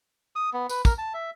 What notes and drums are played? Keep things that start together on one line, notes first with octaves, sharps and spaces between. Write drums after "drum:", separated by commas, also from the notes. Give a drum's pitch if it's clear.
D#6
B3
B4, drum: tambourine
A#4, drum: kick, tambourine
A5
E5